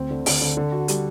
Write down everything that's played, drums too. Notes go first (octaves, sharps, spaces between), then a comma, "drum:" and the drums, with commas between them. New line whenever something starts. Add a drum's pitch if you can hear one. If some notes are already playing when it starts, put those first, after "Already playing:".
Already playing: D2 C4
D3
D3, drum: open hi-hat
D3
D3
F#4
G3, drum: hi-hat